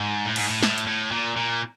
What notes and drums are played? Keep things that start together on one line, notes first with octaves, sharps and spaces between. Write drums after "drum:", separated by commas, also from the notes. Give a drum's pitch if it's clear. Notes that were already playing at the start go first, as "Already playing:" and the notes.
Already playing: G#2
A2
G#2, drum: cymbal
A2
A2, drum: snare
drum: hi-hat
A2
A#2
A#2